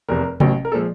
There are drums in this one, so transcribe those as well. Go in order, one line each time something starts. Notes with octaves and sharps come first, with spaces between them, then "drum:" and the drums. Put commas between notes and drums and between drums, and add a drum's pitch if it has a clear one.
F1 E2 C3 A#4
A1 A2 F#3, drum: tom C3
A#4
A#2 F3 G#3 A4